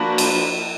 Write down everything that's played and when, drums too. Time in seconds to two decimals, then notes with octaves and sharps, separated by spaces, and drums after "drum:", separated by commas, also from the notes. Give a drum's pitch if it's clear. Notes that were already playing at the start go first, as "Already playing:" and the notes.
Already playing: F3 A#3 D4 F#4 B4
0.18 drum: cymbal